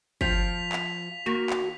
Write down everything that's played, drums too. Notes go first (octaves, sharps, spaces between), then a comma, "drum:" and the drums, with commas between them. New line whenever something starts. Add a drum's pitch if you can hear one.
F3 F4 G5 B6 F7, drum: kick G1
drum: clap
D#3 A#3 F#4
drum: clap